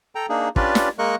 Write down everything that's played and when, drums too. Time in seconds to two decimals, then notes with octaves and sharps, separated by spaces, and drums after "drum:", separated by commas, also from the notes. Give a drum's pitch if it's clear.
0.15 A4 G5 A#5
0.29 A#3 D4 D#4 G#4
0.56 C#4 D4 F4 G4 B4 D5, drum: kick
0.75 drum: snare
0.99 G#3 A#3 A#4 D#5 C#6 F#6